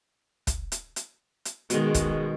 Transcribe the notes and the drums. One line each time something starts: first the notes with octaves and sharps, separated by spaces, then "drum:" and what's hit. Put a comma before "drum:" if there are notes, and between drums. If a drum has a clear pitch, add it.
drum: kick, hi-hat
drum: hi-hat
drum: hi-hat
drum: hi-hat
B2 D#3 G#3, drum: hi-hat
drum: kick, hi-hat